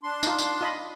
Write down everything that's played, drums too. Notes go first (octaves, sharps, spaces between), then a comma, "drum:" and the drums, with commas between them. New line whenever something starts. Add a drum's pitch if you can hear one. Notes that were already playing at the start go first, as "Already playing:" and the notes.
D4 C6
D#4 F4, drum: tambourine
drum: tambourine
F4 D#5 B5